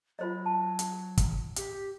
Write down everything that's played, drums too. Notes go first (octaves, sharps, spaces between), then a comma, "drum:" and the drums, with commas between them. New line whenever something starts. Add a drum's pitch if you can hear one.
F#3 F4 C5 D#5
A5
drum: hi-hat
drum: kick, hi-hat
G4, drum: hi-hat